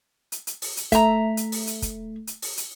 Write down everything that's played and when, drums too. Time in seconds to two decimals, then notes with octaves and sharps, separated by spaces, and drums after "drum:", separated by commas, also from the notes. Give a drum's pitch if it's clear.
0.32 drum: hi-hat
0.47 drum: hi-hat
0.62 drum: open hi-hat
0.77 drum: hi-hat
0.92 A3 E5 A#5, drum: kick, hi-hat
1.37 drum: hi-hat
1.52 drum: open hi-hat
1.67 drum: hi-hat
1.82 drum: kick, hi-hat
2.27 drum: hi-hat
2.42 drum: open hi-hat
2.57 drum: hi-hat